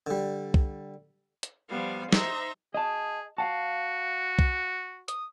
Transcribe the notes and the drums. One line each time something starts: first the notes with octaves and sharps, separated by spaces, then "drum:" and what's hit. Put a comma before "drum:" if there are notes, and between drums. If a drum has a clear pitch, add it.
D3 G3
drum: kick
drum: hi-hat
F3 G3 B3 F5
D#4 C5 E5 A#5 C6, drum: snare
G#4 D#5 A5
F#4 F5 F#5 A5
drum: kick
D#6, drum: hi-hat